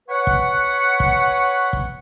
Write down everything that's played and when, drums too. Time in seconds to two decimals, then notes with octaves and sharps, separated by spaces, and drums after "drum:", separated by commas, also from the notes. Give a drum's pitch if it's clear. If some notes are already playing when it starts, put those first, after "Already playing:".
0.09 B4 C#5 F#5
0.27 drum: kick
1.00 drum: kick
1.73 drum: kick